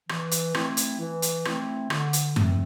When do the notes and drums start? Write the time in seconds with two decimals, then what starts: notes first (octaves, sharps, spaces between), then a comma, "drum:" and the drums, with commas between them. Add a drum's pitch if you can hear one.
0.09 E3, drum: rim click
0.31 drum: hi-hat
0.54 A3 C4 E4, drum: rim click
0.77 drum: hi-hat
0.99 E3
1.22 drum: hi-hat
1.45 A3 C4 E4, drum: rim click
1.90 D3, drum: rim click
2.13 drum: hi-hat
2.36 F3 A3 C4, drum: tom F#2